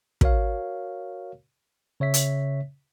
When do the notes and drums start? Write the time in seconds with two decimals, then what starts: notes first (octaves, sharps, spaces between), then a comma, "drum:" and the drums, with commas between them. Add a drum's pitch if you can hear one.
0.21 F#4 A#4 C#5 F5, drum: kick
2.00 C#3 C#5 E5 B6
2.14 drum: hi-hat